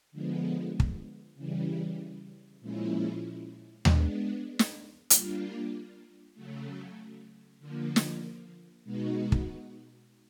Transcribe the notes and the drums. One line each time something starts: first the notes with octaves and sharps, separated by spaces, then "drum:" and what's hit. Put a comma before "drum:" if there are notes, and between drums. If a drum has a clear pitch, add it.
D3 F3 G#3 B3
drum: kick
C#3 E3 G3
A#2 F3 G#3 C#4 E4
G#3 B3 D4, drum: tom D#2
drum: snare
G3 A#3 D4 F4, drum: hi-hat
C#3 F#3 A3
D3 F3 A#3
drum: snare
B2 G#3 B3 D#4 F#4
drum: kick